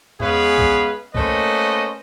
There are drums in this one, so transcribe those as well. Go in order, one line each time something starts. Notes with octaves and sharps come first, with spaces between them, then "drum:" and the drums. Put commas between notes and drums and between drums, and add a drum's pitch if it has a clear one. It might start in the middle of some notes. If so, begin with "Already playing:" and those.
G#3 B3 C#4 G#4 B4 F5, drum: tom E2
drum: kick B1
A3 A#3 C#4 B4 C5 D#5, drum: kick B1